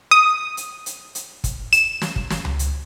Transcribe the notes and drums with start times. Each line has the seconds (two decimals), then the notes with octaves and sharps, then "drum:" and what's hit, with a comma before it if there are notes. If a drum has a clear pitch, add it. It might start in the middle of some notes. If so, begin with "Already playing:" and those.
0.11 D#6
0.57 drum: hi-hat
0.86 drum: hi-hat
1.15 drum: hi-hat
1.44 drum: kick, hi-hat
1.73 E7, drum: hi-hat
2.01 drum: snare
2.16 drum: kick
2.30 drum: snare
2.45 drum: tom C#2
2.59 drum: hi-hat